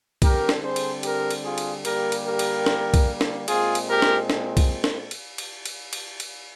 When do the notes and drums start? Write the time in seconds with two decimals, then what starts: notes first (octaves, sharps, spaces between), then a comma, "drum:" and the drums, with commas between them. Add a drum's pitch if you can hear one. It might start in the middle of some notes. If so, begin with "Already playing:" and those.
0.22 D3 G3 C4 G4 A#4, drum: kick, cymbal
0.49 drum: snare
0.62 G#4 C5
0.76 drum: cymbal
1.03 G4 A#4, drum: cymbal
1.30 drum: cymbal
1.44 F4 G#4
1.58 drum: cymbal
1.85 D3 G3 A#3 G4 A#4, drum: cymbal
2.12 drum: cymbal
2.26 G4 A#4
2.39 drum: cymbal
2.66 drum: snare
2.94 drum: kick, cymbal
3.21 drum: snare
3.48 A#2 G#3 C4 F4 G#4, drum: cymbal
3.75 drum: cymbal
3.89 G4 A#4
4.02 drum: snare
4.30 drum: snare
4.57 drum: kick, cymbal
4.84 drum: snare
5.11 drum: cymbal
5.38 drum: cymbal
5.65 drum: cymbal
5.93 drum: cymbal
6.20 drum: cymbal